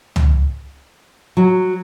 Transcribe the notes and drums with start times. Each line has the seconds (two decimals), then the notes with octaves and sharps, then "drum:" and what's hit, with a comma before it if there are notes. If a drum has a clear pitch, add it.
0.16 drum: tom C#2
1.37 F#3